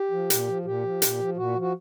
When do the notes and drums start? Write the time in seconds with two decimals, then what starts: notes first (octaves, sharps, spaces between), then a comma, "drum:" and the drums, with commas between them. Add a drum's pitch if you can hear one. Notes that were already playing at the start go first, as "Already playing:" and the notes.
Already playing: G4
0.11 F3
0.30 A#2, drum: hi-hat
0.48 F3
0.65 A#2 G4
0.83 F3
1.02 A#2, drum: hi-hat
1.19 F3
1.37 A#2 F#4
1.55 F3
1.61 F#4